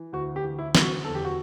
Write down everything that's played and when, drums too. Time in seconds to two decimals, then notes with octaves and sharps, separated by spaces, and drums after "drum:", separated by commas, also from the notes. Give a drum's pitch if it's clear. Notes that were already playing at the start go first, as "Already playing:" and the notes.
Already playing: E3
0.13 D2 F#4
0.36 G4
0.43 E3
0.59 E4
0.75 D2, drum: snare
0.82 F#4
1.05 E2 A4
1.15 G4
1.25 F#4